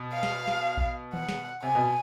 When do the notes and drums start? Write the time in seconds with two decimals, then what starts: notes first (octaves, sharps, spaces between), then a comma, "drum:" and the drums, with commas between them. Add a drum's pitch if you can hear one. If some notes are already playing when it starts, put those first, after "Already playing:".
Already playing: B2
0.13 F5
0.23 drum: snare
0.47 drum: snare
0.77 drum: kick A#1
1.13 F#5, drum: tom D#3
1.29 drum: snare
1.63 C3 G#5
1.75 B2